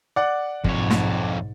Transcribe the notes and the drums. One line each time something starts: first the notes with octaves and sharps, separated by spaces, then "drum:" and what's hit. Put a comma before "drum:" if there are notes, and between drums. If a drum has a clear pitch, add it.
D5 F#5
B1 F2 G#2 C#5, drum: kick
drum: snare